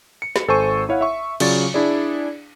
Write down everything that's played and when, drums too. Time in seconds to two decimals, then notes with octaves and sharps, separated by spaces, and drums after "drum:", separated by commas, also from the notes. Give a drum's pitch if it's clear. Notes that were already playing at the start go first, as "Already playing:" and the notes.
0.22 C#7
0.36 drum: snare
0.48 G#1 A4 C5 G#5 C#6 D#7
0.89 E4 C#5 F5 F#5
1.01 E5 C#6
1.40 C#3 F#3 F4 D5 C#6 A6, drum: cymbal
1.74 D4 E4 G#4 D5